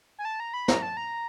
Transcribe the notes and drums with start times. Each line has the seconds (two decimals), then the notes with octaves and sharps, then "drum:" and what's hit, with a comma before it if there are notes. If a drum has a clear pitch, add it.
0.18 G#5
0.25 A5
0.40 A#5
0.54 B5
0.68 A#5, drum: snare
0.82 A5
0.97 A#5